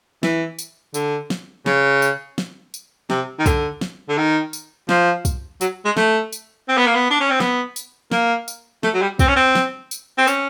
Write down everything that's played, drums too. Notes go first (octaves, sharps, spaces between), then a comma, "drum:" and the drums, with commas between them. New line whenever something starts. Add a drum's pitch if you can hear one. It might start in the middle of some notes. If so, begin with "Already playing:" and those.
E3, drum: snare
drum: tambourine
D3, drum: tambourine
drum: snare
C#3, drum: snare
drum: tambourine
drum: snare
drum: tambourine
C3, drum: snare
D#3
D3, drum: kick, tambourine
drum: snare
D3
D#3
drum: tambourine
F3, drum: snare
drum: kick, tambourine
F#3, drum: tambourine
G#3
A3, drum: snare
drum: tambourine
C4
B3
A#3
B3
D4
C#4
C4
B3, drum: snare
drum: tambourine
A#3, drum: snare
drum: tambourine
A3, drum: snare
F#3
G3
C4, drum: kick, tambourine
C#4
C4
drum: snare
drum: tambourine
C4
C#4, drum: tambourine